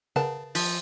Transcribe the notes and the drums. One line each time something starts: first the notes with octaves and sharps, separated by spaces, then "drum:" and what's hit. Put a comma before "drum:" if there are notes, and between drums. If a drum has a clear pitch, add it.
C#3 A#4 B4 F#5 A5
F3, drum: open hi-hat